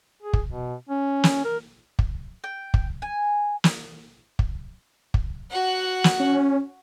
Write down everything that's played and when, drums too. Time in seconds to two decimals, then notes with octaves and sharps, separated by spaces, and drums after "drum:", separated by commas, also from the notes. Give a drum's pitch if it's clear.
0.22 G#4
0.33 drum: kick
0.48 B2
0.89 C#4
1.24 drum: snare
1.45 A#4
1.99 drum: kick
2.44 G5
2.74 drum: kick
3.02 G#5
3.64 drum: snare
4.39 drum: kick
5.14 drum: kick
5.50 F#4 F#5
6.04 drum: snare
6.20 C#4